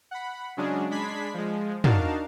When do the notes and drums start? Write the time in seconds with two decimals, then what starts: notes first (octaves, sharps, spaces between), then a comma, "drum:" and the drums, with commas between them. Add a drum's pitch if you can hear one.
0.11 F#5 B5
0.57 C#3 F#3 G#3 C#4 D4 G#4
0.91 G#3 D4 B5 G#6 B6 C7
1.34 F3 G#3
1.84 D4 D#4 F#4 A#4 F5 A5, drum: tom